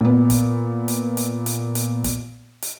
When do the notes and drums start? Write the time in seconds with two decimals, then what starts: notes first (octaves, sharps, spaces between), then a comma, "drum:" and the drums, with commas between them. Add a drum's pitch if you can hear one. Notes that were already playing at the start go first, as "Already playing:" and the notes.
0.01 A#2 B3
0.30 drum: kick, hi-hat
0.88 drum: hi-hat
1.17 drum: hi-hat
1.46 drum: hi-hat
1.75 drum: hi-hat
2.04 drum: kick, hi-hat
2.62 drum: hi-hat